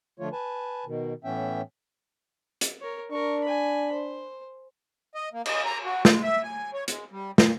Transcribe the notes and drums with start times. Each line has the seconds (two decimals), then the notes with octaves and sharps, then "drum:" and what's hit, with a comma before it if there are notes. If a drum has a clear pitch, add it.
0.20 D3 F3 A3 F4 C#5
0.32 B4 G#5 A5
0.86 B2 D#3
1.24 A2 E3 B3 C#4 E5 G5
2.61 drum: hi-hat
2.81 A#4 C#5
3.11 D4 A#4 C#6
3.44 G#5 B5
3.93 C5
5.15 D#5
5.33 A#3
5.46 D#5, drum: cymbal
5.66 A#5
5.84 F#4
6.05 G#3, drum: snare
6.23 E5
6.43 G#5
6.73 C#5
6.88 G#3, drum: hi-hat
7.11 G3
7.38 A#2, drum: snare